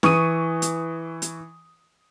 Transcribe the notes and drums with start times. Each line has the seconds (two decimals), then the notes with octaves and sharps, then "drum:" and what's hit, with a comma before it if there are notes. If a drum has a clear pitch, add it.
0.03 E3 C#6 D#6 D#7, drum: snare
0.62 drum: hi-hat
1.22 drum: hi-hat